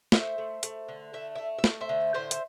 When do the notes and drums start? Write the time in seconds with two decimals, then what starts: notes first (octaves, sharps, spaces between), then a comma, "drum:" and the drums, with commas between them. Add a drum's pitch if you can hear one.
0.12 A3 C5 E5, drum: snare
0.38 A3
0.63 A3, drum: hi-hat
0.88 D3
1.13 A3 E5
1.35 A3 E5
1.58 E5
1.64 A3, drum: snare
1.80 C5 E5
1.89 D3
2.14 A2 C5 E5
2.31 drum: hi-hat